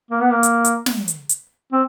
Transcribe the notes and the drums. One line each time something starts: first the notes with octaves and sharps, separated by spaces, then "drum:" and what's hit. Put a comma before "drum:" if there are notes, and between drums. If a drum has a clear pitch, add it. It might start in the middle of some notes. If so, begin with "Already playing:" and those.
A#3
B3
A#3
drum: hi-hat
drum: hi-hat
drum: snare
drum: hi-hat
drum: hi-hat
C4